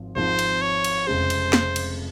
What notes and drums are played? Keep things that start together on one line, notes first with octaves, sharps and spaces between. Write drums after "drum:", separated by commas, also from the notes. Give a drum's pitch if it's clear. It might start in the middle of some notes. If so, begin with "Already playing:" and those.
Already playing: G#1 G#2 F3 C4
G#1 G#2 F3 C4 C5
drum: cymbal
C#5
drum: cymbal
F1 F2 C#3 G#3 C5
drum: cymbal
drum: snare
drum: cymbal